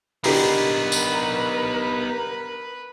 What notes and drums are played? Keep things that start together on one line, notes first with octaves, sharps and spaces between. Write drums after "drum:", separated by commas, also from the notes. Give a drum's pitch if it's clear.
D3 B3 D#4 G4 A#4 B4 A#5, drum: open hi-hat
drum: tambourine